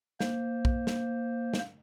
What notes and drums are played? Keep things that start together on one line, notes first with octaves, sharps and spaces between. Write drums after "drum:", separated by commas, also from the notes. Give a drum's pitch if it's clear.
A#3 C5, drum: snare
drum: kick
drum: snare
drum: snare